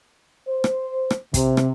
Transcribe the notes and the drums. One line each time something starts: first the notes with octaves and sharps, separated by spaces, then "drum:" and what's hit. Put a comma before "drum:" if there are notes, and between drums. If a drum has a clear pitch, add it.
C5
drum: rim click
drum: rim click
C3, drum: kick, hi-hat
drum: rim click